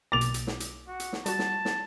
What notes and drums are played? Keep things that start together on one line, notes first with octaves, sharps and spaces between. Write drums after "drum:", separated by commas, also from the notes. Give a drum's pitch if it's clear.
B1 A#3 D6 A6 F7
drum: hi-hat
drum: hi-hat
drum: snare
drum: hi-hat
F#4
drum: hi-hat
drum: snare
G3 F#4 A5, drum: hi-hat
drum: snare
drum: snare